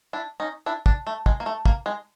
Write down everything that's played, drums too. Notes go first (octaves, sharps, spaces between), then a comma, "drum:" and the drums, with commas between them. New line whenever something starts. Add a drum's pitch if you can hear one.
D4 E4
C#4 D#4
D4 E4
D4, drum: kick
A3
G#3, drum: kick
A#3
A3
A#3, drum: kick
G#3